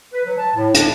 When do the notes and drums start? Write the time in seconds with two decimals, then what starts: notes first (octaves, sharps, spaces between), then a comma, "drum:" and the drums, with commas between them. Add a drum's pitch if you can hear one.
0.13 B4
0.25 F#3
0.38 A5
0.55 A2
0.74 D4, drum: hi-hat